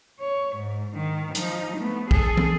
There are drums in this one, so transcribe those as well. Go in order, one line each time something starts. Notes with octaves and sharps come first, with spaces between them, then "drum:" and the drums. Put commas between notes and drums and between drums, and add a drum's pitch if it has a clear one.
C#5
G#2
G#2 D#3
F3 D#4, drum: hi-hat
A3 B3
G#4 A4, drum: kick
drum: tom